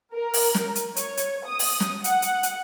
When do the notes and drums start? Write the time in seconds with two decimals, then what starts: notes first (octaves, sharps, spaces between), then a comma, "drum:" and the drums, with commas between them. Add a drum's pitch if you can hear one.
0.14 A#4
0.34 drum: open hi-hat
0.55 drum: snare
0.75 drum: hi-hat
0.96 C#5, drum: hi-hat
1.17 drum: hi-hat
1.46 D#6
1.59 drum: open hi-hat
1.80 drum: snare
2.04 F#5, drum: hi-hat
2.22 drum: hi-hat
2.43 drum: hi-hat